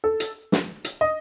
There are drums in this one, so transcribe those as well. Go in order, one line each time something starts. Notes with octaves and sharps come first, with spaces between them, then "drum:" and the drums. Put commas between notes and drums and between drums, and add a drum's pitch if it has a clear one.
A4
drum: hi-hat
drum: snare
drum: hi-hat
D#5